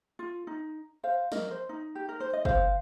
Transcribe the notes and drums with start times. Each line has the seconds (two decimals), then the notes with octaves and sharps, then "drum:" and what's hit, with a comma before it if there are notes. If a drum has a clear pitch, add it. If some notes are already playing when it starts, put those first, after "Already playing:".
0.19 F4
0.47 D#4
1.04 C5 F5
1.32 A#4 D#5, drum: snare
1.51 C5
1.69 D#4
1.95 G4
2.09 A#4
2.20 C5
2.33 D#5
2.45 C5 F5, drum: kick